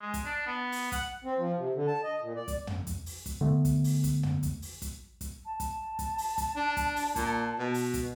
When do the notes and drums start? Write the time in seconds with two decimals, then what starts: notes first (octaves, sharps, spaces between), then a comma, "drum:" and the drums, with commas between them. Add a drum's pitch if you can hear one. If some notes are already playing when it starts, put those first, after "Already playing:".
0.01 G#3
0.14 drum: kick, hi-hat
0.25 D4
0.47 B3
0.72 drum: open hi-hat
0.92 F#5, drum: kick, hi-hat
1.24 C4
1.38 F3
1.57 C3
1.75 D3
1.88 A5
2.04 D#5
2.22 A#2
2.36 D5
2.48 drum: kick, hi-hat
2.67 drum: tom
2.87 drum: kick, hi-hat
3.06 drum: open hi-hat
3.26 drum: kick, hi-hat
3.41 D3 A3 B3
3.65 drum: kick, hi-hat
3.84 drum: open hi-hat
4.04 drum: kick, hi-hat
4.23 drum: tom
4.43 drum: kick, hi-hat
4.62 drum: open hi-hat
4.82 drum: kick, hi-hat
5.21 drum: kick, hi-hat
5.46 A5
5.60 drum: kick, hi-hat
5.99 drum: kick, hi-hat
6.18 drum: open hi-hat
6.38 drum: kick, hi-hat
6.56 D4
6.77 drum: kick, hi-hat
6.96 drum: open hi-hat
7.16 A#2, drum: kick, hi-hat
7.59 B2
7.74 drum: open hi-hat
7.94 drum: kick, hi-hat